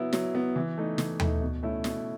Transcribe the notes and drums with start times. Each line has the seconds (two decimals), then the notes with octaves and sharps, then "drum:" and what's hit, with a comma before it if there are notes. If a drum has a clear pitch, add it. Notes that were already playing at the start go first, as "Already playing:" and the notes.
Already playing: F#3 B3 E4
0.13 F#3, drum: snare
0.35 B3 E4
0.56 E3
0.78 A3 D#4
0.98 E3, drum: snare
1.20 A3 D#4, drum: tom D#2
1.41 B2
1.63 A3 C#4 E4
1.84 B2, drum: snare